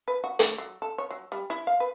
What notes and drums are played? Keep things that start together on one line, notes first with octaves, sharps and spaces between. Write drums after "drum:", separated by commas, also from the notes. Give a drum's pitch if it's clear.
B4
F#4
A3, drum: hi-hat
F#3
A4
C#5
F#3
G3
E4
F5
B4